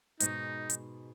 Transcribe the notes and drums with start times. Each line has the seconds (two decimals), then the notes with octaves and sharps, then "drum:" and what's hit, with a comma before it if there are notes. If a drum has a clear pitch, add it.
0.20 G#2 B2 G#3 D#4, drum: hi-hat
0.70 drum: hi-hat